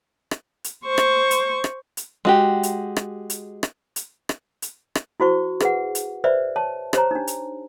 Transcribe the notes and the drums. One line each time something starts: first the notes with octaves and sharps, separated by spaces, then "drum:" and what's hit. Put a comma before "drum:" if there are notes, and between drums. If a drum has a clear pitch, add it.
drum: rim click
drum: hi-hat
C5 C#6
drum: rim click
drum: hi-hat
drum: rim click
drum: hi-hat
G#3 F#4 G4
drum: hi-hat
drum: rim click
drum: hi-hat
drum: rim click
drum: hi-hat
drum: rim click
drum: hi-hat
drum: rim click
E4 F#4 C5 C#6
G#4 B4 F#5, drum: rim click
drum: hi-hat
B4 C5 D5 E5
C#5 A5
G4 C5 C#5 A#5, drum: rim click
D4 D#4
drum: hi-hat